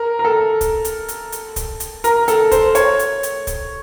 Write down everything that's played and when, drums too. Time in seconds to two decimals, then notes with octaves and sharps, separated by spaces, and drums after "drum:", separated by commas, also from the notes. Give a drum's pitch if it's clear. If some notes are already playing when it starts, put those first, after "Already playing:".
Already playing: A#4
0.19 A#4
0.25 A4
0.61 drum: kick C#1, hi-hat
0.85 drum: hi-hat
1.08 drum: hi-hat
1.32 drum: hi-hat
1.56 drum: kick C#1, hi-hat
1.80 drum: hi-hat
2.04 A#4, drum: hi-hat
2.28 A4, drum: hi-hat
2.52 C5, drum: kick C#1, hi-hat
2.75 C#5, drum: hi-hat
2.99 drum: hi-hat
3.23 drum: hi-hat
3.47 drum: kick C#1, hi-hat